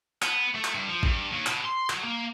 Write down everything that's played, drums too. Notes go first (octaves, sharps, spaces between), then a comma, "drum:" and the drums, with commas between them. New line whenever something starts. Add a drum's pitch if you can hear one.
B3, drum: clap
A3
drum: clap
G2
F3
G2, drum: kick G#1
D#2
B2, drum: clap
C6
F#3, drum: clap
A#3